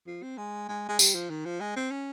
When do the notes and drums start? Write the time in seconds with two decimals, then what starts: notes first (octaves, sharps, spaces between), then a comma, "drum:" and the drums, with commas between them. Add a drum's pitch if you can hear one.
0.07 F3
0.23 C4
0.38 G#3
0.68 G#3
0.88 G#3
0.99 G3, drum: tambourine
1.15 F3
1.30 D#3
1.45 F3
1.60 G#3
1.76 C4
1.91 C#4